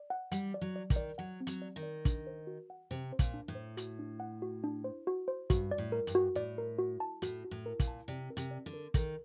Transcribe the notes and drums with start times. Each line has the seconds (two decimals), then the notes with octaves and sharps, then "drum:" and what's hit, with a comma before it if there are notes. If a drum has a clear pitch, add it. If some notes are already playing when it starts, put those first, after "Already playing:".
Already playing: D5
0.10 F#5
0.31 G3 F#5, drum: hi-hat
0.54 D5
0.61 F#3
0.76 D5
0.90 D#3, drum: kick, hi-hat
0.96 D5
1.18 F#3 F#5
1.41 C4
1.47 F#3, drum: hi-hat
1.62 D5
1.76 D#3
1.83 D5
2.05 D4, drum: kick, hi-hat
2.27 C5
2.47 F#4
2.70 F#5
2.91 C3 C5
3.12 C5
3.19 A#2, drum: kick, hi-hat
3.34 D4
3.48 A2
3.55 C5
3.77 F#4, drum: hi-hat
3.99 D4
4.20 F#5
4.42 F#4
4.64 D4
4.84 C5
5.07 F#4
5.28 C5
5.50 G2 F#4, drum: kick, hi-hat
5.71 D5
5.78 A2
5.92 A#4
6.07 G2, drum: hi-hat
6.15 F#4
6.35 A2 D5
6.58 A#4
6.79 F#4
7.00 A5
7.22 A2 F#4, drum: hi-hat
7.44 F#4
7.51 A2
7.66 A#4
7.80 A#2, drum: kick, hi-hat
7.88 A5
8.08 C3 D5
8.30 A#4
8.37 C3, drum: hi-hat
8.51 D5
8.66 D3
8.73 A#4
8.94 D#3 A4, drum: kick, hi-hat